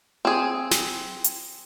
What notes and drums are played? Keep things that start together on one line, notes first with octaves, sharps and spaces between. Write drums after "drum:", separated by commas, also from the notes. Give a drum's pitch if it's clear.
C4 G#4
drum: snare
drum: hi-hat